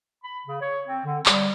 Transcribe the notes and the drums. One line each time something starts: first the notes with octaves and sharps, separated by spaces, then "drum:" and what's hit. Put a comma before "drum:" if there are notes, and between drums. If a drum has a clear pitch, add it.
B5
C#3
C#5
C4
D3
G3, drum: clap